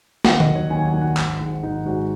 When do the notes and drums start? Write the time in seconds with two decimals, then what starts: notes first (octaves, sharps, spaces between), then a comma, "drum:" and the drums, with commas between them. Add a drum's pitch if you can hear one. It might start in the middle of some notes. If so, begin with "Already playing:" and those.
0.25 D#2 F#5, drum: snare
0.40 D#5, drum: tom D3
0.47 D#3 F#3
0.55 C#5
0.70 D#2 G#5
0.86 G#5
0.94 D#3 F#3
1.02 F#5
1.17 G#1, drum: clap
1.40 G#2 G#3
1.63 G#1 D#4
1.86 G#2 G#3 F#4